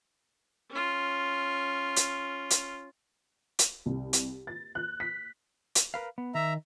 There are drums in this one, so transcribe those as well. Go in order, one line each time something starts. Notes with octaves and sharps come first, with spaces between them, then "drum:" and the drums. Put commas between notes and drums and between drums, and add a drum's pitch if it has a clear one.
C#4 F4
drum: hi-hat
drum: hi-hat
drum: hi-hat
C2
drum: hi-hat
A6
F#6
B6
drum: hi-hat
A#4 B4 F5
B3
D#3 E5 A#5